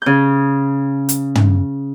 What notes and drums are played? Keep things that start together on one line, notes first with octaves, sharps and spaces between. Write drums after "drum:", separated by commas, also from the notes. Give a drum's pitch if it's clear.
C#3 G6
drum: hi-hat
drum: tom